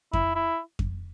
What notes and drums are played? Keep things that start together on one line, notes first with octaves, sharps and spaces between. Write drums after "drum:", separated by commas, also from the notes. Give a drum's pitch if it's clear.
E4, drum: kick F2
E4
drum: kick F2